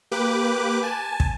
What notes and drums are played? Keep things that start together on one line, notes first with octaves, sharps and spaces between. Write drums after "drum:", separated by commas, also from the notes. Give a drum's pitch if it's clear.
A#3 G4 B4 D6 F#6
G#5 A5
drum: kick